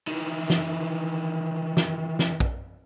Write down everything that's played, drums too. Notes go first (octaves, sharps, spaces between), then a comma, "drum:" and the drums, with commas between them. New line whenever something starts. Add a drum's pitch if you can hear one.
D#3 E3
drum: snare
drum: snare
drum: snare
drum: kick A#1